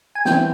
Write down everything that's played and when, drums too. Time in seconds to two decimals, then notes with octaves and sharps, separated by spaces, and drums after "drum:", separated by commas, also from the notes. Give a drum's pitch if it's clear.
0.15 G#5
0.25 E3 G3 C4 E4 G5, drum: snare